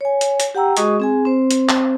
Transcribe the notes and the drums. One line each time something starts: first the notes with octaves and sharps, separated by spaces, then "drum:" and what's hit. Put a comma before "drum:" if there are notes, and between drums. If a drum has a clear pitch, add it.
C#5 G#5
drum: hi-hat
drum: hi-hat
G4 F#5 G5 A#5 E6
G#3 F#4 G#4 D#5 C#6 D#6, drum: hi-hat
C4 G#4 G#5
C4 C5
drum: hi-hat
drum: clap